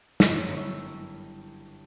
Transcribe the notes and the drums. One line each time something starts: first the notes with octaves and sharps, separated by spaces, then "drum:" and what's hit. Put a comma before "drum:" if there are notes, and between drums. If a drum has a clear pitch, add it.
F#2 B3 E4, drum: snare
G1 A#3 C#6 E6